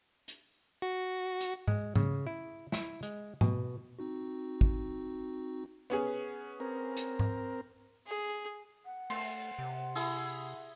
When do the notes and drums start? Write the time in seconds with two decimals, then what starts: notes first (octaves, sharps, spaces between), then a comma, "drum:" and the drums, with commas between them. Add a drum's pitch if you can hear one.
0.28 drum: hi-hat
0.82 F#4
1.41 drum: hi-hat
1.67 G#3, drum: tom G#2
1.95 C#3, drum: tom G#2
2.27 E4
2.72 E4, drum: snare
3.03 G#3, drum: hi-hat
3.41 B2, drum: tom G#2
3.99 C4 D#4 F#4
4.61 drum: kick
5.90 B3 C#4 G#4
6.60 C4 A#4
6.97 drum: hi-hat
7.19 drum: tom G#2
8.07 G#4
8.85 F#5
9.10 A3 C6, drum: cymbal
9.59 C3
9.95 E4 G#4, drum: open hi-hat